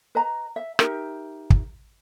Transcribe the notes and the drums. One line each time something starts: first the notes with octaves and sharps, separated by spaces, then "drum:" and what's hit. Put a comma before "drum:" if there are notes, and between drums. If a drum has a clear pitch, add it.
B4 D#5 A#5
E5
D#4 G4 A#4 E5, drum: rim click
drum: kick